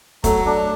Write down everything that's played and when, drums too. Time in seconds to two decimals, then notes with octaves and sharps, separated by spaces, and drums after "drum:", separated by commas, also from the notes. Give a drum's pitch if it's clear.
0.24 F#3 A3, drum: kick F1, hi-hat
0.46 D4